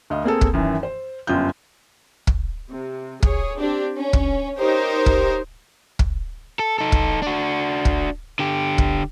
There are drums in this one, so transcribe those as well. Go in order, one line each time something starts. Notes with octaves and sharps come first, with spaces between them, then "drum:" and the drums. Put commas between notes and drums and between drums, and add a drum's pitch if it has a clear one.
D2 D#5 F5
A#3 C4 G#4 A4
drum: kick
F#2 D#3 E3
C5
G1 F#2 F4 G5 G6
drum: kick
C3
G#4 C#5, drum: kick
C4 D4 G4
C#4
drum: kick
D#4 G4 A#4 C5 C#5
drum: kick
drum: kick
A4
D#4 A4
drum: kick
D4 F#4
drum: kick
D3 G4
drum: kick